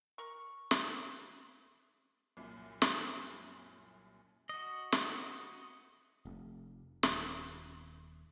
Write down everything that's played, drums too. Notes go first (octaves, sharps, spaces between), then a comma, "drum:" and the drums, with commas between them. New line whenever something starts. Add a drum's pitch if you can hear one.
A#4 C#6
drum: snare
C2 F#2 A#2
drum: snare
F#4 D#5
drum: snare
F1
D#1, drum: snare